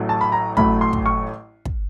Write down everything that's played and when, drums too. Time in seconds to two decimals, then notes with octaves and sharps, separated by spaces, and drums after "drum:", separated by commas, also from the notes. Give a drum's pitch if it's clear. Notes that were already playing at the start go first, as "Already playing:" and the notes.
Already playing: A1 A2 F#3 A3
0.09 A5
0.21 B5
0.32 A#5
0.57 A1 A2 F#3 A3 B5, drum: kick
0.81 C6
0.93 drum: kick
1.06 C#6
1.65 drum: kick